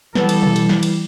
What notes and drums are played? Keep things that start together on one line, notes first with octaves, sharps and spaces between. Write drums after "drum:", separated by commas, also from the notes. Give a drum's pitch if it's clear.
E3 G3 B3 A4, drum: snare
drum: cymbal
drum: tom B2
drum: cymbal
drum: snare
drum: cymbal